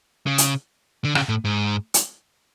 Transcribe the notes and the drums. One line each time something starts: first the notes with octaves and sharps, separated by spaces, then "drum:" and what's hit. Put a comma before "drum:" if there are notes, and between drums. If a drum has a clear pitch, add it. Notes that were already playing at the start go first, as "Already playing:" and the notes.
C#3
drum: hi-hat
D3
C#3, drum: rim click
A2
G#2
drum: hi-hat